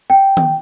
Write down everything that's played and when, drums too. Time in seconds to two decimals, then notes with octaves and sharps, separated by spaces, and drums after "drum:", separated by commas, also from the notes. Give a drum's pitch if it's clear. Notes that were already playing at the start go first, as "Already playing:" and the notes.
0.10 G5
0.37 drum: tom D#3